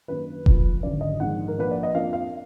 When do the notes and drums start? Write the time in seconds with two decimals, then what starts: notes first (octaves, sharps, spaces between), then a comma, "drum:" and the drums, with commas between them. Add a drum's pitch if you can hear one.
0.08 F#2 D#3 A#3 D4 B4
0.46 A#1 A#2 F3, drum: kick F1
0.83 G#1 F#2 D3 D5
1.01 D#5
1.20 A#1 G#2 D#3 G#3 D4 F#5
1.48 A#4
1.58 A#1 A#2 F3 A#3 D4 B4
1.71 D5
1.83 D#5
1.94 F2 F3 A#3 D4 F5
2.13 F5